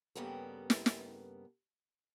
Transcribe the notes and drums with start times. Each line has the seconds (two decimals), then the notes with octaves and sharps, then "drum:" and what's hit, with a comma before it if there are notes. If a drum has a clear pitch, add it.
0.15 G2 C#3 G3 A#3 B3 A4
0.70 drum: snare
0.86 drum: snare